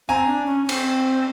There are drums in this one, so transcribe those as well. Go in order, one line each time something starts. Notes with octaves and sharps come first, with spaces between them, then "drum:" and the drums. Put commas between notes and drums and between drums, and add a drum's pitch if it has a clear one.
C4 G#5 A#5
D4
C#4
C#4
C4, drum: cymbal